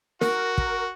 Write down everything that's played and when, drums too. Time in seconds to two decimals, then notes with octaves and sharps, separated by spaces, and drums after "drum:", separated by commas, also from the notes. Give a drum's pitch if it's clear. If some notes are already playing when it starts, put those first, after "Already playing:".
0.21 F#4 A#4, drum: snare
0.58 drum: kick